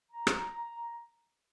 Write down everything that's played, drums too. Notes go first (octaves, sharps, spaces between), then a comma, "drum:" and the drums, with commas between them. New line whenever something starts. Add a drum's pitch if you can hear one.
A#5
drum: rim click